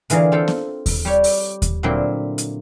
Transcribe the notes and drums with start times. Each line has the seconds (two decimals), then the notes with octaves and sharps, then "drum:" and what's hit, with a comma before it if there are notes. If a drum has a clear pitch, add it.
0.10 D3 E3 F4 G#4 A#4, drum: hi-hat
0.32 C4 A4 F5 G5
0.48 drum: snare B3
0.86 drum: kick D#2, open hi-hat
1.05 G3 G4 C#5
1.24 drum: open hi-hat
1.62 drum: kick D#2, hi-hat
1.83 A#2 D3 F#3 C4 E4 C6
2.38 drum: hi-hat